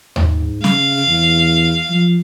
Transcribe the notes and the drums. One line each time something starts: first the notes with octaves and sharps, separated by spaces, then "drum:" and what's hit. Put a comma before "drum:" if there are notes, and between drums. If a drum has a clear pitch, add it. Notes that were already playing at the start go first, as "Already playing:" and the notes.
G#2, drum: tom D#2
C#3 F5, drum: snare
E2
F3